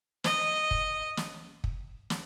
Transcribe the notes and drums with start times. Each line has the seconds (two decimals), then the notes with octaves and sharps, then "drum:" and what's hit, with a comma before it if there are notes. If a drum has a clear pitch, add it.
0.24 D#5, drum: snare
0.71 drum: kick
1.17 drum: snare
1.64 drum: kick
2.10 drum: snare